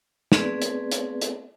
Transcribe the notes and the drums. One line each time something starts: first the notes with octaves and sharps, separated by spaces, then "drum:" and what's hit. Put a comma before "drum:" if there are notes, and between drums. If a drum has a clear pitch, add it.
A3 B3 C4 G#4 B4 D5, drum: snare
drum: hi-hat
drum: hi-hat
drum: hi-hat